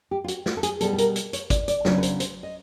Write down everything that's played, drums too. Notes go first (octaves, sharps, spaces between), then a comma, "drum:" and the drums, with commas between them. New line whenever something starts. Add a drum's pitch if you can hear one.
G4
F4
F#4, drum: hi-hat
F#4, drum: snare
A4
G#4, drum: hi-hat
B2 G3 B3 A4, drum: hi-hat
A4
A#4, drum: hi-hat
drum: hi-hat
C#5, drum: hi-hat
D5, drum: kick, hi-hat
D5, drum: hi-hat
C#3 F#3 B3 D4 C#5, drum: snare
B4
C5, drum: hi-hat
C5, drum: hi-hat
D#5